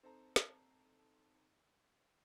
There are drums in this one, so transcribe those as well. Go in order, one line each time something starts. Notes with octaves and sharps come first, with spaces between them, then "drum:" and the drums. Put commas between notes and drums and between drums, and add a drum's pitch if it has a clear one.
C4 D#4 A4 A#5
drum: snare